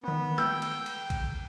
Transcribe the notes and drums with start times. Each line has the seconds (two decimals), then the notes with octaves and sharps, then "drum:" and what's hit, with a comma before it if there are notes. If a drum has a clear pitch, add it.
0.04 D#3 B3 C4
0.38 G5 E6 G6, drum: snare
0.62 drum: cymbal
0.86 drum: cymbal
1.10 drum: kick A#1, cymbal